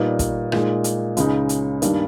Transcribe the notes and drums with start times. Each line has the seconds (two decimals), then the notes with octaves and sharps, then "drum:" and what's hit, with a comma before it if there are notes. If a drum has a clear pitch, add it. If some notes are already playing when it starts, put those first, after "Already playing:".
Already playing: A#2 G3 B3 D#4
0.19 drum: kick, hi-hat
0.52 A#2 G#3 D#4, drum: rim click
0.84 drum: hi-hat
1.17 C#2 C#3 G#3 D#4, drum: hi-hat
1.49 drum: hi-hat
1.82 G2 D#3 G3 A#3, drum: hi-hat